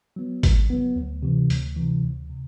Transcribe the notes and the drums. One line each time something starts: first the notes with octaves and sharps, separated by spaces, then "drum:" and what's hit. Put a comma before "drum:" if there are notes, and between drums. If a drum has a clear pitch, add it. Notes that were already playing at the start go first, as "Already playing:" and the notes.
F#3 B3
C#3, drum: kick G#1, hi-hat
F#3 B3
D2
C3 E3
D2, drum: hi-hat
C3 E3
D2
C3